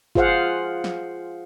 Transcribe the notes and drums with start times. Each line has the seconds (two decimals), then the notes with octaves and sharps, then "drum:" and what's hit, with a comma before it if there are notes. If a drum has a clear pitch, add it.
0.15 F4 G#4 C5 F5 F#5, drum: kick
0.84 drum: snare